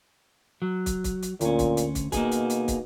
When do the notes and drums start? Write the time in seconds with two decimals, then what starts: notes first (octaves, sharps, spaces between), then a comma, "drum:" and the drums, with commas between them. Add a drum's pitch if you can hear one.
0.62 F#3
0.86 drum: kick, hi-hat
1.04 drum: kick, hi-hat
1.22 drum: hi-hat
1.41 D2 A#2 C#4, drum: hi-hat
1.59 drum: kick, hi-hat
1.77 drum: hi-hat
1.95 drum: kick, hi-hat
2.12 B2 A#3 D#4 G#4, drum: kick, hi-hat
2.31 drum: hi-hat
2.50 drum: hi-hat
2.68 drum: kick, hi-hat